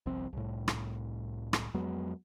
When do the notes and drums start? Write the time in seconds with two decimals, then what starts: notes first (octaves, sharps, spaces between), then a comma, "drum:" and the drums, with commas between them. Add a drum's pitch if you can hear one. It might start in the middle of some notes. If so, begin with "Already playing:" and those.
0.06 G1 C2 F3 C4
0.33 C2 A2
0.68 drum: rim click
1.53 drum: rim click
1.74 F2 F#3 G#3 B3